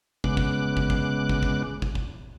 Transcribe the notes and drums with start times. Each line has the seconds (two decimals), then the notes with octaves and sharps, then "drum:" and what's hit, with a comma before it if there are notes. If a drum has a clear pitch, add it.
0.24 C#3 G#3 B3 D6 F#6, drum: kick
0.37 drum: kick
0.77 drum: kick
0.90 drum: kick
1.29 drum: kick
1.43 drum: kick
1.82 drum: kick
1.95 drum: kick